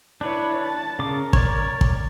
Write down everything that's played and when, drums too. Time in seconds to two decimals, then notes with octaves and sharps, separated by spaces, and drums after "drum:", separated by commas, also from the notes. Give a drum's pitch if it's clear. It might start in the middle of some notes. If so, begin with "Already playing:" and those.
0.21 D4 E4 B4 C#5
0.63 A5
0.99 C#3 A#4 D6
1.33 C#5 D5, drum: kick
1.81 drum: kick